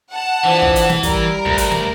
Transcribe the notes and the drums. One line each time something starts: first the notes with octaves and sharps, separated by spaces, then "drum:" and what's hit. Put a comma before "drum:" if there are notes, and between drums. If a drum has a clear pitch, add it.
F#5 A5
E3 F3 D4
drum: kick
drum: hi-hat
drum: snare
G3 A#4, drum: kick, hi-hat
D2, drum: kick
drum: hi-hat
drum: snare